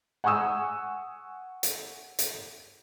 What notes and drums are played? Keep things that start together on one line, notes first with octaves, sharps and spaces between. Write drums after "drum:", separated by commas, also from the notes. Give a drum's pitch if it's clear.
F#5 G#5 C#6 D#6 E6
drum: hi-hat
drum: hi-hat